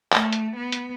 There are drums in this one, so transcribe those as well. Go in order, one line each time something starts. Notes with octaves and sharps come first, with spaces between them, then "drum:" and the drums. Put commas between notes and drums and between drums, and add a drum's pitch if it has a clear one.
A3, drum: clap
drum: hi-hat
B3
drum: hi-hat